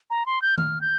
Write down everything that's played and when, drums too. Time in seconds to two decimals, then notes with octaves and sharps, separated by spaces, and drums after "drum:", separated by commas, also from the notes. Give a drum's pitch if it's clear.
0.10 A#5
0.26 C6
0.42 G6
0.58 F6, drum: tom D#3
0.81 G6